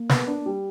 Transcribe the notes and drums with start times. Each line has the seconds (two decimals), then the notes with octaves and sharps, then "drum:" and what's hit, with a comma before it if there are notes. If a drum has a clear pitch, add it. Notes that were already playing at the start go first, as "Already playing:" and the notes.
Already playing: A#3
0.09 B3, drum: snare
0.27 D4
0.46 G3